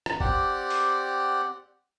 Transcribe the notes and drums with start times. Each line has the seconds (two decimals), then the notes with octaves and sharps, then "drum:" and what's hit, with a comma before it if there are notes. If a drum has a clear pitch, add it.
0.06 drum: rim click
0.20 C4 G4 D5 F#5, drum: kick F#1
0.70 drum: open hi-hat